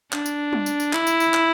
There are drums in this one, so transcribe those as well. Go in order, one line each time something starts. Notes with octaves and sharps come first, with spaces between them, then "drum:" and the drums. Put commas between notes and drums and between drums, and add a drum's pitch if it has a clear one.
D4, drum: clap
drum: tambourine
drum: tom G3
drum: tambourine
drum: tambourine
E4, drum: clap
drum: tambourine
drum: tambourine
drum: clap